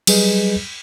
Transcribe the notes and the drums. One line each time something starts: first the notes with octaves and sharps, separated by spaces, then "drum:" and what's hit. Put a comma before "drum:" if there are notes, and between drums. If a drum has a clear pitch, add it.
F#3 G3 G#4 B4 D#5, drum: cymbal